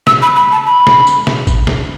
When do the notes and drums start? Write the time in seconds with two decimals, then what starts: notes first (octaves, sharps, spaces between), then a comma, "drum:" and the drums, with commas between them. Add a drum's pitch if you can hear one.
0.07 E6, drum: snare
0.22 B5
0.36 B5
0.52 A5
0.67 B5
0.87 drum: snare
1.07 drum: tambourine
1.27 drum: snare
1.47 drum: kick G1, tambourine
1.67 drum: snare